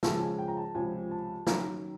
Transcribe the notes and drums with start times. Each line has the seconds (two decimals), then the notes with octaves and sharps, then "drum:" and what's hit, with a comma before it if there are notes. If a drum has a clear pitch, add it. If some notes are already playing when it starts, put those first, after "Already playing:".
0.03 C#2 C#3 F3 A5, drum: snare
0.21 G#5
0.38 G5
0.48 A#5
0.57 A5
0.74 C#2 C3 F3 G#5
1.11 A5
1.47 F#2 D#3 A#5, drum: snare